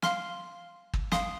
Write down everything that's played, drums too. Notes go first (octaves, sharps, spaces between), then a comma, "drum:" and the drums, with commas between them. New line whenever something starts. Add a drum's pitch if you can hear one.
F5 C6 F6, drum: snare
drum: kick
F5 C6 D#6, drum: snare